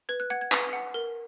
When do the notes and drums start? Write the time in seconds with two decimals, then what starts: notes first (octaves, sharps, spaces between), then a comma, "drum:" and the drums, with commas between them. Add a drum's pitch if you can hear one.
0.09 B4 G#6
0.20 F#6
0.30 F#5 G#6
0.41 G#6
0.52 B4 D#6, drum: clap
0.73 F#5
0.94 A#4